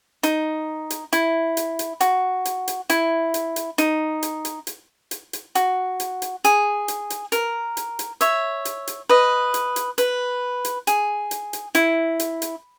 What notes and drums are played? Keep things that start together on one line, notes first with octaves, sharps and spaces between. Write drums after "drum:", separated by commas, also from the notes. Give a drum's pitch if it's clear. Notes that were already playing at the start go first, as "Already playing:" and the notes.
D#4, drum: hi-hat
drum: hi-hat
E4, drum: hi-hat
drum: hi-hat
drum: hi-hat
F#4, drum: hi-hat
drum: hi-hat
drum: hi-hat
E4, drum: hi-hat
drum: hi-hat
drum: hi-hat
D#4, drum: hi-hat
drum: hi-hat
drum: hi-hat
drum: hi-hat
drum: hi-hat
drum: hi-hat
F#4, drum: hi-hat
drum: hi-hat
drum: hi-hat
G#4, drum: hi-hat
drum: hi-hat
drum: hi-hat
A#4, drum: hi-hat
drum: hi-hat
drum: hi-hat
C#5 E5, drum: hi-hat
drum: hi-hat
drum: hi-hat
B4 D#5
drum: hi-hat
drum: hi-hat
B4, drum: hi-hat
drum: hi-hat
G#4, drum: hi-hat
drum: hi-hat
drum: hi-hat
E4, drum: hi-hat
drum: hi-hat
drum: hi-hat